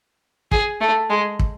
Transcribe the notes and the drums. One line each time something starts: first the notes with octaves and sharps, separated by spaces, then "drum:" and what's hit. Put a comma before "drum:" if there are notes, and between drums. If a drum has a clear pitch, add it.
G#4, drum: kick
A3
G#3
drum: kick